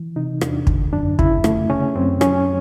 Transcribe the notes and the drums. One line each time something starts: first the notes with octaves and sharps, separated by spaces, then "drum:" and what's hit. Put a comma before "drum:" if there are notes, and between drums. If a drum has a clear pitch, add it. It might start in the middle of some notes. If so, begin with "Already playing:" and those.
Already playing: E3
C3 D#4
E2 D4, drum: rim click
D3, drum: kick
F#2 D4
C#3 E4, drum: kick
A3, drum: rim click
C#3 C#4
F#2 C4
F#3 C#4, drum: rim click